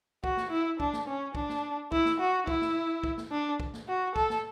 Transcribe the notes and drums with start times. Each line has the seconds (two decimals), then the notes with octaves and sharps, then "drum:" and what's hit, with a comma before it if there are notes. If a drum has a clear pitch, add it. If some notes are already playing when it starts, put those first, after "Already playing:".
0.24 F#4, drum: kick
0.37 drum: snare
0.51 E4
0.80 D4, drum: kick
0.93 drum: snare
1.07 C#4
1.35 D4, drum: kick
1.49 drum: snare
1.92 E4, drum: kick
2.05 drum: snare
2.20 F#4
2.47 E4, drum: kick
2.61 drum: snare
3.04 drum: kick
3.18 drum: snare
3.31 D4
3.60 drum: kick
3.74 drum: snare
3.88 F#4
4.16 A4, drum: kick
4.30 drum: snare